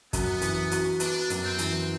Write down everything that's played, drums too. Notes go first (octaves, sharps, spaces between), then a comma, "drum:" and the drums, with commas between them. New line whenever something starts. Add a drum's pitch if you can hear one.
F#2 B3, drum: kick, hi-hat
E3, drum: hi-hat
F#4, drum: hi-hat
B3 D4, drum: hi-hat
F#2, drum: hi-hat
C4
E3, drum: hi-hat